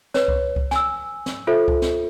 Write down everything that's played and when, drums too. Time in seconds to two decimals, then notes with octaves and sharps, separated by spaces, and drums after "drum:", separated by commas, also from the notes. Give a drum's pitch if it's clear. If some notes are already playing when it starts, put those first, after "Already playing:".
0.14 B4 C#5, drum: snare
0.28 drum: kick C2
0.56 drum: kick C2
0.71 G#5 E6, drum: snare
1.26 drum: snare
1.47 F4 A4 C5 E5
1.68 drum: kick C2
1.82 drum: snare